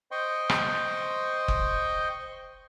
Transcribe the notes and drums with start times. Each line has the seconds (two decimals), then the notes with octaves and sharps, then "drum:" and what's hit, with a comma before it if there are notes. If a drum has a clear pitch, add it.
0.11 C5 D#5 G5 C6 C#6
0.49 drum: rim click
1.48 drum: kick F#1